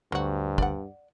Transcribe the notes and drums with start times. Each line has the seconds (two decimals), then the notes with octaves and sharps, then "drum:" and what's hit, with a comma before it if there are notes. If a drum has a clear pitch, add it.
0.12 D2 G2 D3 F#3 F#4 C5
0.58 D5 F#5, drum: kick